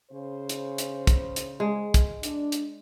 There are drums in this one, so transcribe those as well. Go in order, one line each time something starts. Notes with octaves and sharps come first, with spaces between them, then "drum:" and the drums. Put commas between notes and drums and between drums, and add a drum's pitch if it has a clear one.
C#3 C5
drum: hi-hat
drum: hi-hat
drum: kick, hi-hat
drum: hi-hat
G#3
drum: kick, hi-hat
D4, drum: hi-hat
drum: hi-hat